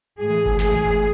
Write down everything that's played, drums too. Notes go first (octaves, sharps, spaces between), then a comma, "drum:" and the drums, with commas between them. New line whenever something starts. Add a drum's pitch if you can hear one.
A2 E3 G#4
drum: kick G1
A2 E3 G#4, drum: snare
drum: kick G1